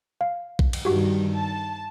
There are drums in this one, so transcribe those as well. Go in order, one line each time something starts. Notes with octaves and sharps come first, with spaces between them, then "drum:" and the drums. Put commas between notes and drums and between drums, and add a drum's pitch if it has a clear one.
F5
drum: kick A#1
drum: cymbal
G2 D#3 F#4 G4
A5